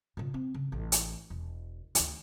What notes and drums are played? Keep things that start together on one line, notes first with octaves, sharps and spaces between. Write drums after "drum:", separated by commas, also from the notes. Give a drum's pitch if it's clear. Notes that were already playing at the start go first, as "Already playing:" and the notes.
A#2 C#3
C4
C#3
A1
drum: hi-hat
E1
D2 D#3, drum: hi-hat